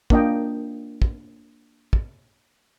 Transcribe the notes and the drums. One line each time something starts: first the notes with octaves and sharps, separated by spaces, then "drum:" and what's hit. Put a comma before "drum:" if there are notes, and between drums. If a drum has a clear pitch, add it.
A#3 D4 D#5 G5, drum: kick
drum: kick
drum: kick